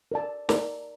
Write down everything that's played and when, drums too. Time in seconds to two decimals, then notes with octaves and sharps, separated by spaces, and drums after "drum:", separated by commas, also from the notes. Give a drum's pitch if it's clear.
0.12 A#4 D5 A5
0.49 A#4 D5 A5, drum: snare